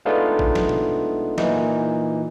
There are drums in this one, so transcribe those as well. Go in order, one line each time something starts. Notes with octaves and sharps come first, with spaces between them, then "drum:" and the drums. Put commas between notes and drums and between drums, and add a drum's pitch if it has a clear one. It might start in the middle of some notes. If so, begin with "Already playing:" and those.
G#3 A3 B3 D4 D#4 F4
drum: kick A1
drum: snare
drum: tom B2
A#2 E3 D#4, drum: snare